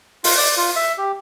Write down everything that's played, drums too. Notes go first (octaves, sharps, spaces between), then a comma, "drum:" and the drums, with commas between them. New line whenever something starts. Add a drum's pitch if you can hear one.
F4, drum: open hi-hat
D5
F4
E5
G4